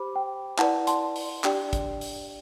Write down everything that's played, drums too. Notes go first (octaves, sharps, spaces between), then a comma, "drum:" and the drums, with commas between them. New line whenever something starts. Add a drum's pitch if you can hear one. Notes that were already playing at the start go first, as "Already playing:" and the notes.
Already playing: G4 C5 B5 D6
G5
E4 B4 D5 F#5 A5, drum: clap
A5 C6, drum: hi-hat
drum: open hi-hat
D4 G4 D5 G5, drum: clap
drum: kick, hi-hat
drum: open hi-hat